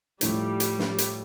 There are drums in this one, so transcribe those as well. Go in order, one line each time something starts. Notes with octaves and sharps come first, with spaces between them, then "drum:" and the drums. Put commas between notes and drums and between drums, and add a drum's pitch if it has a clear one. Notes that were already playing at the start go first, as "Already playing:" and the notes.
A2 F3 G3 A3, drum: hi-hat
drum: hi-hat
drum: snare
drum: hi-hat